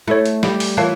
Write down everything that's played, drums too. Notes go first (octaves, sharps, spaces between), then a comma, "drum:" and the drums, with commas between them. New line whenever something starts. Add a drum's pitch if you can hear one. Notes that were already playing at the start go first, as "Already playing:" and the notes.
A3 E4 A4 C#5
drum: hi-hat
G3, drum: snare
drum: open hi-hat
E3 F4 A#4 C#5 F5 A5